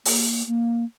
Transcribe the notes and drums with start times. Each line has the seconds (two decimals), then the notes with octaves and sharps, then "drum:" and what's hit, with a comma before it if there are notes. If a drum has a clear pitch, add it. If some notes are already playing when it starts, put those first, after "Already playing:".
0.05 A#3, drum: open hi-hat
0.47 A#3